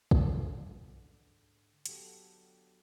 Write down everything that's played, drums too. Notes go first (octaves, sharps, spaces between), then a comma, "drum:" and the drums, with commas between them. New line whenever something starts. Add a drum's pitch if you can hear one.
G#2 D3, drum: kick
D3 F#3 B3 G4 A4, drum: hi-hat